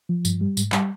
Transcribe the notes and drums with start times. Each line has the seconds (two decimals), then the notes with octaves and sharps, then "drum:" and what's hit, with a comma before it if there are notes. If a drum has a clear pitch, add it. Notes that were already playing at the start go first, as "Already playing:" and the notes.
0.09 F3
0.25 G2, drum: tambourine
0.41 G3
0.57 G#2, drum: tambourine
0.72 G3, drum: clap